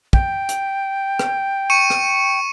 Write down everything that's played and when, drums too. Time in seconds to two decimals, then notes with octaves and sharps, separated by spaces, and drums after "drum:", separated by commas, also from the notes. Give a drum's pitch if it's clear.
0.13 G5, drum: kick
0.49 drum: hi-hat
1.19 drum: rim click
1.70 C#6 C#7 D#7
1.90 drum: rim click